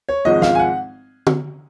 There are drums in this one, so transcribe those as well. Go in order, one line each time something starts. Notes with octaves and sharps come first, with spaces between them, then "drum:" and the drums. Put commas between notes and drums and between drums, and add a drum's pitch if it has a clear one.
C#5
G#1 G#2 F3 G#3 D#5
F5, drum: snare
G#5
F#5
drum: tom D3